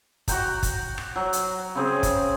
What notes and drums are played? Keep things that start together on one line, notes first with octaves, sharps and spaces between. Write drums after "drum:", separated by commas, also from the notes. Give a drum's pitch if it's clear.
F#4 F#5 G5 A#5, drum: kick, hi-hat
drum: kick, hi-hat
drum: rim click
F#3
drum: hi-hat
C#3 C4 G#4
drum: kick, hi-hat